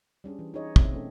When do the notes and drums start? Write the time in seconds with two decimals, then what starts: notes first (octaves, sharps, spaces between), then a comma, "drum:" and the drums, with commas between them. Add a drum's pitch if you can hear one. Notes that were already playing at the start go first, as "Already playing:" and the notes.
0.24 G3 C#4 D4 G#4
0.39 E3
0.54 D#4 F4 G#4 C#5 D#5
0.76 B2 C4 E5, drum: kick
0.92 A3 B3 C#4 D4 A4